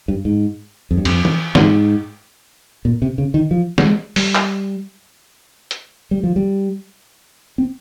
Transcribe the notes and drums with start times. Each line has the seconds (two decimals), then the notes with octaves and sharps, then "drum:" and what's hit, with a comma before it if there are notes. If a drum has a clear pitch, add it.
0.08 G2
0.25 G#2
0.91 F2
0.97 G2
1.05 F2, drum: cymbal
1.25 drum: tom E3
1.55 G#2, drum: snare
2.85 A#2
3.02 C3
3.18 C#3
3.34 D#3
3.51 F3
3.78 G3, drum: snare
3.83 G#3
4.16 G3, drum: open hi-hat
4.35 drum: clap
5.71 drum: hi-hat
6.11 G3
6.23 F3
6.36 G3
7.58 C4